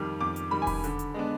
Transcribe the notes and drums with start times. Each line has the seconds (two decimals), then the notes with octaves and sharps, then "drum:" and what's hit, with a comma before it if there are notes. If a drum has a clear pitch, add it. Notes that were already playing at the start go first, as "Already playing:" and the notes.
Already playing: F2 D#3 G3 D6
0.20 F2 D6
0.36 drum: hi-hat
0.51 D#3 G3 B5
0.62 G#5
0.67 B5, drum: kick E1, open hi-hat
0.84 D3, drum: hi-hat
0.99 drum: hi-hat
1.14 G#3 B3 D4